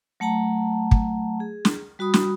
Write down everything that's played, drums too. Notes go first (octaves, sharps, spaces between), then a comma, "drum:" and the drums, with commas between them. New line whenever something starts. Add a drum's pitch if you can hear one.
F#3 A3 F#5 A5 A#5
drum: kick
G#4
drum: snare
G3 F#4 B5 D#6
drum: snare